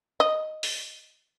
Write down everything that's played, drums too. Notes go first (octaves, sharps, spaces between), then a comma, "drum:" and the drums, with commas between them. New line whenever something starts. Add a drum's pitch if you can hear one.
D#5
drum: open hi-hat